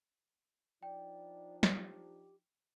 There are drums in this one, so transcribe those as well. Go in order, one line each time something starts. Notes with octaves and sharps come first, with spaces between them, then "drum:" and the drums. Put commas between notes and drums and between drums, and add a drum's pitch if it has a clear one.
F3 D4 D#4 D5 G5
G4, drum: snare